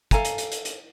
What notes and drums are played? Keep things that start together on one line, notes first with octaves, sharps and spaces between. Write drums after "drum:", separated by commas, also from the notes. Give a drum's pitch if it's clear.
A4 F5 G#5 A#5, drum: kick, hi-hat
drum: hi-hat
drum: hi-hat
drum: hi-hat
drum: hi-hat